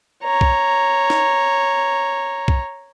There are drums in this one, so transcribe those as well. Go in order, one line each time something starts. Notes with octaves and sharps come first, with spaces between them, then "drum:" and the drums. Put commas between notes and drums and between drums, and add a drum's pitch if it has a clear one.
C#5 A#5
drum: kick B1
drum: snare D#4
drum: kick B1